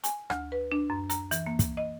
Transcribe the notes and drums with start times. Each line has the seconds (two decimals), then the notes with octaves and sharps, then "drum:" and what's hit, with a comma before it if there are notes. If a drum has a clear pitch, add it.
0.04 G#5, drum: hi-hat
0.30 D2, drum: rim click
0.52 B4
0.72 D4
0.90 F#2
1.10 A#5, drum: hi-hat
1.31 E3, drum: hi-hat
1.46 A#3
1.59 drum: kick, hi-hat
1.77 D#5